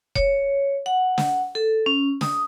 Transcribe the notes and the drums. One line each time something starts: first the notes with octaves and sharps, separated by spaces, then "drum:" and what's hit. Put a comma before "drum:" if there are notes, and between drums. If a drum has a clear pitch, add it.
C#5, drum: kick F1
F#5
drum: snare
A4
C#4
D#6, drum: snare